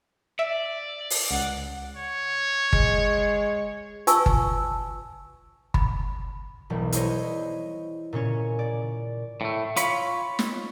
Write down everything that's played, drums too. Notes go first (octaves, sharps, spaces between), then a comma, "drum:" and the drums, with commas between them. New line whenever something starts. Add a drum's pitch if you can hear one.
D5 E5
drum: open hi-hat
C#2 F#5
C#5
G#3, drum: kick G1
F4 B4 G#5 A5 C#6 E6, drum: hi-hat
drum: kick G1
B5, drum: kick G1
E1 B1 G3
E4 G#4 C5 C#5 D#5, drum: hi-hat
A#2 C#3 C#4 C#5
D5
A2 A3
F4 C#5 B5, drum: hi-hat
drum: snare